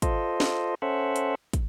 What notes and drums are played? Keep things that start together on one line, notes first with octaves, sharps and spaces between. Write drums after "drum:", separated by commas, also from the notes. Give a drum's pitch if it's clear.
F4 A4 C5 D#5, drum: kick, hi-hat
drum: snare
C#4 A4 C5 E5 F#5
drum: hi-hat
drum: kick, hi-hat